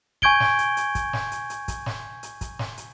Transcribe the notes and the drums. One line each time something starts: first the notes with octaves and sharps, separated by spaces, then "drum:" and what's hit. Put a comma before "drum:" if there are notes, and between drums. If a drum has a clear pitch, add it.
G#5 C#6 G6 G#6 D7 G7, drum: kick
drum: snare
drum: hi-hat
drum: hi-hat
drum: kick, hi-hat
drum: snare
drum: hi-hat
drum: hi-hat
drum: kick, hi-hat
drum: snare
drum: hi-hat
drum: kick, hi-hat
drum: snare
drum: hi-hat